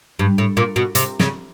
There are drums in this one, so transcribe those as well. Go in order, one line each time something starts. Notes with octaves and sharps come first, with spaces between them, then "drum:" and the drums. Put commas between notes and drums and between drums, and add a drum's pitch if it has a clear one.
G2
A2
A#2
B2
C3, drum: hi-hat
C#3, drum: snare